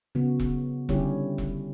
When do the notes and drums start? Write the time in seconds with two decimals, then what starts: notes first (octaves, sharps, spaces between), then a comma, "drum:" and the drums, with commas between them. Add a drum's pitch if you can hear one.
0.15 C#3 F#3 B3 F#4
0.40 drum: kick E1
0.89 D3 G3 C#4 E4 G4, drum: kick E1
1.38 drum: kick E1